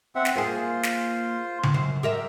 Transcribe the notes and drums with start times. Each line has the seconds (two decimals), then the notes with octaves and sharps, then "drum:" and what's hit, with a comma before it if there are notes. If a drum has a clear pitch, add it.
0.15 C4 E5 F#5
0.25 drum: snare
0.36 A#3 F4 G#4 C5
0.83 drum: snare
1.63 drum: tom C#3
1.74 F#2 C5
2.03 G4 A#4 E5